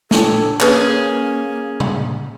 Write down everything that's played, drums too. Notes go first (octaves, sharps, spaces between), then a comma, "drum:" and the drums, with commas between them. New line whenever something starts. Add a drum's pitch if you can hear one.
D4 G4 A4 C#5, drum: snare
A#3 C#4 G#4 B4, drum: clap
drum: tom C3